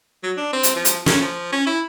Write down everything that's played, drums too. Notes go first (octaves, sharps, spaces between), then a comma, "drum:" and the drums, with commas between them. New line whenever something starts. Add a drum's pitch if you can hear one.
F#3
D4
C4
drum: hi-hat
F3
drum: hi-hat
C#4, drum: snare
F3
C#4
E4